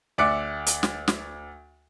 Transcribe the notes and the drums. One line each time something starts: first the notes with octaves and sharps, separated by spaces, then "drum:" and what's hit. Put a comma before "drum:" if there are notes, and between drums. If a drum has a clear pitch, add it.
D2 D5 E5 D6 F#6 C#7
drum: hi-hat
drum: snare
drum: snare